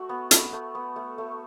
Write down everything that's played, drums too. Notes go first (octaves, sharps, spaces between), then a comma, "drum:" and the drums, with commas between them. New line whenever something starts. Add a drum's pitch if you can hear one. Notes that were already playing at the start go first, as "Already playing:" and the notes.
Already playing: A3 F#4
B3
A3, drum: hi-hat
A3
B3
A3
A3